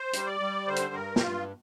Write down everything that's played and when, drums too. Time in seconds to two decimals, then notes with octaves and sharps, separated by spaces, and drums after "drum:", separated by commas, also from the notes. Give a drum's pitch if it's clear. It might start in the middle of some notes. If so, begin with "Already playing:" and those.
Already playing: C5
0.13 G3, drum: hi-hat
0.26 D5
0.40 G3
0.67 D3 C5
0.76 drum: hi-hat
0.94 G2 A#4
1.16 G4, drum: snare
1.21 G2 F4